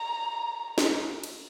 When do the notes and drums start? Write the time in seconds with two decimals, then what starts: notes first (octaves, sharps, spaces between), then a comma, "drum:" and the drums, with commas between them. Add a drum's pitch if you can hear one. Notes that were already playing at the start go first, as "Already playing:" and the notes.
Already playing: A#5
0.78 drum: snare
1.24 drum: cymbal